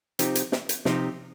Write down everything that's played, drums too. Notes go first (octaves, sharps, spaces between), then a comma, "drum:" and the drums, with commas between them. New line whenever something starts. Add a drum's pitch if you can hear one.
C3 F3 C4 D#4 G4, drum: hi-hat
drum: hi-hat
drum: snare
drum: hi-hat
C3 F3 C4 D#4 G4, drum: snare